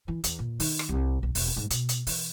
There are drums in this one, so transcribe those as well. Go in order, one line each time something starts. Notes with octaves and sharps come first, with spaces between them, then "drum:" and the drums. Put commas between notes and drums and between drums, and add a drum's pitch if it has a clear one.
E3
E2, drum: hi-hat
A#2
D#3, drum: open hi-hat
drum: rim click
C2
B1
E1, drum: open hi-hat
G#2
B2, drum: hi-hat
drum: hi-hat
E3, drum: open hi-hat